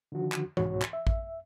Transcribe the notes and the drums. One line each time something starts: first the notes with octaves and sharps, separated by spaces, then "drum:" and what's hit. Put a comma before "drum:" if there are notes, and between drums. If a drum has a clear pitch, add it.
D3 D#3 F3 F#4
drum: clap
C2 G#2 B2 F#4 C#5, drum: tom E3
drum: clap
E5
drum: kick